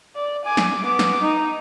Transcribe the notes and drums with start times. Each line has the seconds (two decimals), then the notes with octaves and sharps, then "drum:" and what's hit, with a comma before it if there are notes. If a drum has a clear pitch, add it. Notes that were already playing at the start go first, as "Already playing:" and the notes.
0.15 D5
0.44 G#5 D6
0.57 drum: snare
0.83 B3 D6
0.99 drum: snare
1.22 D#4